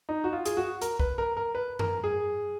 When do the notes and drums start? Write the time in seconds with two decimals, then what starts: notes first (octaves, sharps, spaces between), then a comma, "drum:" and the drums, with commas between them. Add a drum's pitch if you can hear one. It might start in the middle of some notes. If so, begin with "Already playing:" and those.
0.09 D#4
0.24 F#4
0.33 F4
0.45 G#4, drum: hi-hat
0.57 F#4
0.81 A#4, drum: hi-hat
0.99 B4, drum: kick
1.18 A#4
1.37 A#4
1.55 B4
1.79 A#4, drum: tom F#2
2.04 G#4